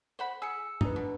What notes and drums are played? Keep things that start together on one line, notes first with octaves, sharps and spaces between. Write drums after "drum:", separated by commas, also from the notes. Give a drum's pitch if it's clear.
C5 F#5 B5
G#4 E6 C#7
D4 D#4 B4, drum: tom G2
B2